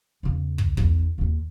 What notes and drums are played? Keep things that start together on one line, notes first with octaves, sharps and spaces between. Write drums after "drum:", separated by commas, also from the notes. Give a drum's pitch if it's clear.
E2 C#3
drum: kick
E2 D#4, drum: kick
D#1 D#2